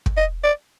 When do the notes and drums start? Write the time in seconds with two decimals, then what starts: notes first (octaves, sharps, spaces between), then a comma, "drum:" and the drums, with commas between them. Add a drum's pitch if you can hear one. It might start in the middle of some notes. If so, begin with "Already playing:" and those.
0.06 drum: kick
0.17 D#5
0.44 D5